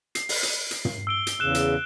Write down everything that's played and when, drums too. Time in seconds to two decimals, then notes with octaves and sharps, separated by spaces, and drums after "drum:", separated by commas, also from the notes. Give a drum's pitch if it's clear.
0.15 C7, drum: hi-hat
0.29 drum: open hi-hat
0.43 drum: hi-hat
0.71 drum: hi-hat
0.85 drum: tom
1.07 E6 D7 G7
1.27 drum: hi-hat
1.40 E2 C#3 F#6 E7
1.55 drum: hi-hat